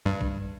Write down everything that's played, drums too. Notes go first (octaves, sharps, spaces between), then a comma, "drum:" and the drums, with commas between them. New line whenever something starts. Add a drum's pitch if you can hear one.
G2
drum: kick